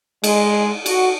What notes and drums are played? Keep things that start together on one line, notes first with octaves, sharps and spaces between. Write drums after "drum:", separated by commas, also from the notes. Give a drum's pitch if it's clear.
G#3, drum: cymbal
F#4, drum: cymbal